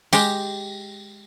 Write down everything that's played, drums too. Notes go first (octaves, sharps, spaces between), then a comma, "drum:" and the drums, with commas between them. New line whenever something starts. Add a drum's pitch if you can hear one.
G#3 G4, drum: tambourine